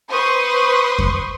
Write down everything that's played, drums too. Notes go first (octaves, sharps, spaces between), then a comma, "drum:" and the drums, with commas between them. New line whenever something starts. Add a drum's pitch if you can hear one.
B4 C5 C6 C#6 D#6
drum: kick F2